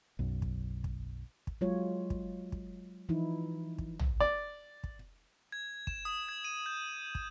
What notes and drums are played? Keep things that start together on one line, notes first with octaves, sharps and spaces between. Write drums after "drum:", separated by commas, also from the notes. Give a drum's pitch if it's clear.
B1 F#2
drum: kick
drum: kick
drum: kick
F#3 G#3 F4 C#5
drum: kick
drum: kick
E3 F3 D#4 E4
drum: kick
drum: tom
D5, drum: kick
drum: kick
G#6
E7, drum: kick
D#6
G#6
D#7
G6
drum: kick